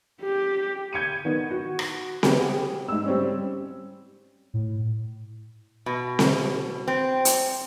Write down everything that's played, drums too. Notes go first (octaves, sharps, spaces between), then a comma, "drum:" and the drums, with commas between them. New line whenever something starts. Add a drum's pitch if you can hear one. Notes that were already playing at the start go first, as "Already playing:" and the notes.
G4
G6 G#6 C#7 D#7
D#3 B3
F#4
drum: rim click
B3 G4 G#4, drum: snare C4
G#2 E6
G3 C4 C#4
A2
B2
drum: snare C4
C4
drum: hi-hat